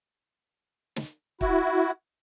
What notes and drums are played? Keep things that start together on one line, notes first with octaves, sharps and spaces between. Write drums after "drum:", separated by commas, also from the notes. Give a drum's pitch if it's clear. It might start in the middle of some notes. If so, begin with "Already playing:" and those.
drum: snare
E4 F#4, drum: kick